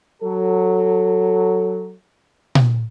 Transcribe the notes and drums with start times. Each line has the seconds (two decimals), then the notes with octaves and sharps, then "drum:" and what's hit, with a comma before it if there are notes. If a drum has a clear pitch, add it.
0.22 F#3 A4
2.55 drum: tom A#2